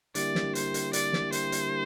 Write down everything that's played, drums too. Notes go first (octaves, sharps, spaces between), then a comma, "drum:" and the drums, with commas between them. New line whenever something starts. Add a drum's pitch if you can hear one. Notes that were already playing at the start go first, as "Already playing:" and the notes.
D3 G3 A#3 E4 G4 D5, drum: hi-hat
drum: snare
C5, drum: hi-hat
drum: hi-hat
D5, drum: hi-hat
drum: snare
C5, drum: hi-hat
drum: hi-hat